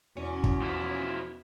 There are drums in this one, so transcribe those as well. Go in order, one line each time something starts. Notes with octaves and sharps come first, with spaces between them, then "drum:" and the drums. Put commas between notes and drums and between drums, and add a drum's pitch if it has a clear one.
E2 B2 C#4
drum: kick
F3 E4